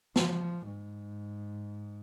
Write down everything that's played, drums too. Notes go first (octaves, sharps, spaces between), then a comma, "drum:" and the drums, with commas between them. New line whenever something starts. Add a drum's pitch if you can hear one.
F3, drum: snare
G#2